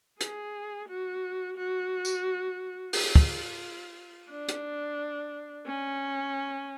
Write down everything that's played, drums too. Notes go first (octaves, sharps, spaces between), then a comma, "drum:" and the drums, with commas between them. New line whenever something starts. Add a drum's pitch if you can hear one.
G#4, drum: hi-hat
F#4
F#4
drum: tambourine
F4, drum: open hi-hat
drum: kick
D4
drum: hi-hat
C#4